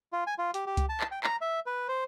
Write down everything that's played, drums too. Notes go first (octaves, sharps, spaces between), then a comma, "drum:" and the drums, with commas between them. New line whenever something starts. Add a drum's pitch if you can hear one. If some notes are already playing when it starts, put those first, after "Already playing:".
F4
G#5
F4
G4, drum: hi-hat
G4
drum: kick C#2, hi-hat
A5
drum: clap
G5
A#5, drum: clap
E5
B4
C5